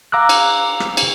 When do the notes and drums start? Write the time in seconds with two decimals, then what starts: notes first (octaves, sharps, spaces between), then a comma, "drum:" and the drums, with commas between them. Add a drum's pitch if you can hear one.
0.12 F5 A#5 D6 E6 F#6
0.29 drum: cymbal
0.80 drum: rim click
0.97 drum: cymbal